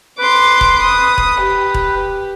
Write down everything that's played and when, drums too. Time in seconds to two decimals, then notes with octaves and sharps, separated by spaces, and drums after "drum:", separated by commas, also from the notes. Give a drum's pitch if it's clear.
0.18 B4 C6 D6
0.61 drum: kick E1
0.81 D#6
1.18 drum: kick E1
1.40 G4
1.74 drum: kick E1